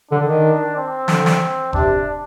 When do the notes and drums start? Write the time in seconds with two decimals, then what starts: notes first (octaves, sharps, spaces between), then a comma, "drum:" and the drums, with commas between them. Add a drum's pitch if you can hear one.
0.11 D3 D4
0.27 D#3
0.76 C4
1.08 D3, drum: snare
1.26 drum: snare
1.73 C3 D4, drum: kick F1